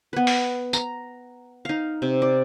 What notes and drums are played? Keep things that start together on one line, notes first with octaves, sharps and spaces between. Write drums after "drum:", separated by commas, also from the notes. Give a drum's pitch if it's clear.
B3 B4
drum: open hi-hat
A#5, drum: tambourine
D#4 F5
C3
D5